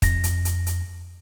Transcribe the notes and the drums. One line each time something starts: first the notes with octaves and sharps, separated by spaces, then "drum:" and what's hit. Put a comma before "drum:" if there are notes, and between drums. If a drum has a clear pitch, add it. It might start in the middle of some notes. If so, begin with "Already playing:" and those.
F2 A#6, drum: kick, hi-hat
drum: hi-hat
drum: hi-hat
drum: hi-hat